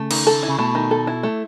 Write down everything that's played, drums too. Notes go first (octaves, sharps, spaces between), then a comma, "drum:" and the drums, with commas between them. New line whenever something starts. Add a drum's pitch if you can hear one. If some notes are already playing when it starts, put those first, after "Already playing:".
Already playing: C#3 A3
D#3, drum: cymbal
A4
E4
C#3
B2 A3
D#3
A4
E4
A3